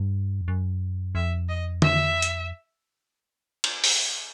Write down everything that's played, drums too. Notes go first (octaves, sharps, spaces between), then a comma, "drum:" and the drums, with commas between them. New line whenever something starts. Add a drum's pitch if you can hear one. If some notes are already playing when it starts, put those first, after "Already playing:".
Already playing: G2
F2
F#2
F2 E5
D#5
E5, drum: tom D3
drum: hi-hat
drum: cymbal
drum: open hi-hat